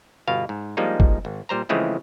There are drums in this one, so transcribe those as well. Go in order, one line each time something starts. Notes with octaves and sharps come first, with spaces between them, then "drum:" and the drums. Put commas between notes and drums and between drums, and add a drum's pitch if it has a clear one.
G1 B2 F5
G#2
F3 G3 G#3 A#3 D4 D#4
drum: kick
G#1
A#2 G3 C5 A#5
C#3 E3 F3 G#3 A3 C4